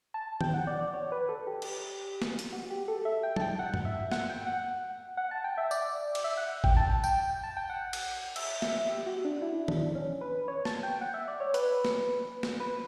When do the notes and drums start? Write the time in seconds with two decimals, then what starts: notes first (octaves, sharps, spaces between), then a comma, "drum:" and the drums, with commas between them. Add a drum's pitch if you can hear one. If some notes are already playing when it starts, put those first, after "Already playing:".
0.14 A5
0.41 G5, drum: tom D#3
0.54 F#5
0.67 D5
0.80 D5
0.94 C#5
1.12 B4
1.29 A4
1.47 G4
1.62 drum: cymbal
2.22 drum: snare
2.39 drum: hi-hat
2.52 F#4
2.70 G4
2.88 A4
3.05 E5
3.23 G5
3.36 A5, drum: tom
3.41 G5
3.59 F#5
3.74 drum: tom
3.85 E5
4.12 F#5, drum: snare
4.29 G5
4.47 F#5
5.17 F#5
5.31 A5
5.44 G5
5.58 E5
5.71 D5, drum: tambourine
6.15 drum: cymbal
6.24 E5
6.37 F#5
6.64 G5, drum: kick G#1
6.77 A5
7.04 G5, drum: tambourine
7.30 G5
7.43 A5
7.57 G5
7.70 F#5
7.93 drum: cymbal
8.36 E5, drum: cymbal
8.62 E5, drum: snare
8.89 G4
9.06 F#4
9.25 D4
9.42 E4
9.68 D4, drum: tom D#3
9.95 C#4
10.21 B4
10.48 C#5
10.65 A5, drum: snare
10.83 G5
11.01 F#5
11.14 E5
11.28 D5
11.40 C#5
11.54 B4, drum: hi-hat
11.85 drum: snare
12.43 drum: snare
12.60 B4